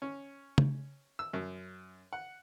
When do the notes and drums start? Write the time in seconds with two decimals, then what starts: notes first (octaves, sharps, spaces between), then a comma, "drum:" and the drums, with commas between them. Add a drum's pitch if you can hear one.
0.02 C#4
0.58 drum: tom C#3
1.19 E6
1.33 F#2
2.13 F#5